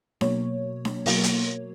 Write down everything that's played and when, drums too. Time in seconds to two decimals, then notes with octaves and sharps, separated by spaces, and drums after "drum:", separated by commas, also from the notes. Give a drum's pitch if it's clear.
0.21 B2 F#3 A#3 C#5, drum: snare D4
0.85 drum: snare D4
1.06 B2 F#3 A#3, drum: open hi-hat
1.23 drum: hi-hat